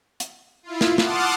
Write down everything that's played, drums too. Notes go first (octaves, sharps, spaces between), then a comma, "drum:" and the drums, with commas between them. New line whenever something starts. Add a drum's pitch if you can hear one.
drum: hi-hat
E4 F4
drum: snare
F#5 A5 C6 D6 D#6 F6, drum: snare